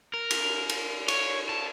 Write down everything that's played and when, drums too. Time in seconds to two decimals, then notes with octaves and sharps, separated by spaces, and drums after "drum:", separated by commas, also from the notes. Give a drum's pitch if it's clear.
0.14 A#4
0.31 drum: cymbal
0.69 drum: cymbal
1.08 C#5, drum: cymbal
1.49 A5